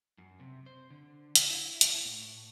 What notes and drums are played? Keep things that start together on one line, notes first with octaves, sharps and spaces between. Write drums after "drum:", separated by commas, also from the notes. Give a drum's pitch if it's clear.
F#2
C3
C5
D3
drum: hi-hat
E4
drum: hi-hat
A2